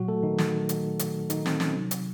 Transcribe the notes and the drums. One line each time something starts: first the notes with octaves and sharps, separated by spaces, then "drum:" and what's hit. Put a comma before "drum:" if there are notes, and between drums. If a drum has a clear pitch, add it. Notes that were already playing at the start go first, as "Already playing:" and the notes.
Already playing: A#2 F#3 F#4
A3 A4
D#3 D#4
drum: snare
drum: hi-hat
drum: hi-hat
D#3 D#4, drum: hi-hat
C4, drum: snare
C#4, drum: snare
C3 F#3
drum: hi-hat